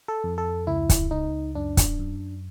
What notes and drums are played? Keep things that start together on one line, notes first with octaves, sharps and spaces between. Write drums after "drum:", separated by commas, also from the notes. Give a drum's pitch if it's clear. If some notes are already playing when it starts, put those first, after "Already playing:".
A4
F2
A4
C#2 E4
drum: kick, hi-hat
C#2 D#4
F#2 D4
drum: kick, hi-hat
F#2